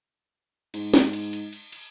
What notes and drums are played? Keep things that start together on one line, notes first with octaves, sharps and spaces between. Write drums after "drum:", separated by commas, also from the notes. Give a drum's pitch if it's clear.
G#2, drum: cymbal
drum: snare
drum: cymbal
drum: cymbal
drum: cymbal
drum: cymbal